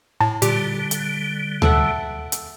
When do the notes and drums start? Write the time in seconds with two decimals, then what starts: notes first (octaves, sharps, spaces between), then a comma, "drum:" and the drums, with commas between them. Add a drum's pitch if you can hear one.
0.21 A2 A5
0.42 A#2 D3 G3 G4, drum: hi-hat
0.91 drum: hi-hat
1.62 A4 E5 F#5, drum: tom D2
2.32 drum: hi-hat